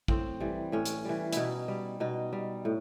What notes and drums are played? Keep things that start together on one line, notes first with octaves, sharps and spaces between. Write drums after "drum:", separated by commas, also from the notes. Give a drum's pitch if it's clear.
A2 C4, drum: kick
E3 G3
A2 C#4
drum: hi-hat
E3 G3
B2 D#4 E4, drum: hi-hat
G3
B2 D#4
G3
A2